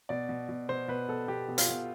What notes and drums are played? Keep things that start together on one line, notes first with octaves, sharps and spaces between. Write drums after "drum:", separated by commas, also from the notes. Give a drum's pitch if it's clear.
B2 D5
B2
B2
B2 C5
B2 B4
B2 A4
B2 G4
B2
F4, drum: hi-hat
B2